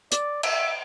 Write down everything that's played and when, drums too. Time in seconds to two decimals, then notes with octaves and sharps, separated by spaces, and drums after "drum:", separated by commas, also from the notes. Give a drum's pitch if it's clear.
0.12 D5, drum: hi-hat
0.43 E5, drum: cymbal